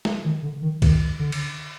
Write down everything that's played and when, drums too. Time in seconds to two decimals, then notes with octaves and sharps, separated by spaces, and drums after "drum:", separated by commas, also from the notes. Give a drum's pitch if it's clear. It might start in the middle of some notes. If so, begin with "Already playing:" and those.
0.05 drum: snare
0.25 D#3
0.43 D3
0.62 D#3
0.82 D#3, drum: kick, cymbal
1.19 D3
1.32 drum: cymbal